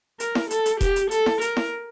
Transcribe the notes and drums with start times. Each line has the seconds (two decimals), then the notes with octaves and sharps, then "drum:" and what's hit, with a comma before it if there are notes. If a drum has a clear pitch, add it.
0.20 A#4, drum: hi-hat
0.35 drum: snare E4
0.50 A4, drum: hi-hat
0.66 drum: hi-hat
0.81 G4, drum: kick E1, hi-hat
0.96 drum: hi-hat
1.11 A4, drum: hi-hat
1.26 drum: snare E4
1.41 A#4, drum: hi-hat
1.57 drum: snare E4